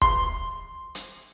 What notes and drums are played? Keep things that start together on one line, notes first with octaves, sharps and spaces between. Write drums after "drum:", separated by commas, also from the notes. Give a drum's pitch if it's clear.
C6, drum: kick
drum: hi-hat